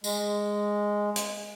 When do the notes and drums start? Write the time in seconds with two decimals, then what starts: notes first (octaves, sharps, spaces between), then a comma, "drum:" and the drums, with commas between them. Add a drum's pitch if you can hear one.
0.04 G#3, drum: tambourine
1.16 drum: hi-hat